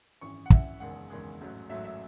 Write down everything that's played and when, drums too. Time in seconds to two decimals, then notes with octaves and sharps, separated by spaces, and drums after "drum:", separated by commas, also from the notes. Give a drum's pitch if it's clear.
0.21 G#1 F#2 E3 C#6
0.46 F#5
0.50 G#1 F#2 E3 E5, drum: kick
0.80 F#1 E2 D#3 G#3 F#5
1.10 F#1 E2 D#3 G#3
1.40 A1 G#2 F#3 A3
1.69 A1 G#2 F#3 A3 E5
1.84 E5